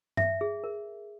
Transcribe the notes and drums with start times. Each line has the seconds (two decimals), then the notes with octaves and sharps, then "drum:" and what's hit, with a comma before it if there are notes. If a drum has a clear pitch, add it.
0.17 E5, drum: tom G2
0.41 G#4
0.64 A#4